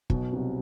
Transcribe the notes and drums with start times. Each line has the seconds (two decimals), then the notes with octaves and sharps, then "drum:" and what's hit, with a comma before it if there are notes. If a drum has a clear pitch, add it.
0.10 B1 B2, drum: kick
0.32 C2 C3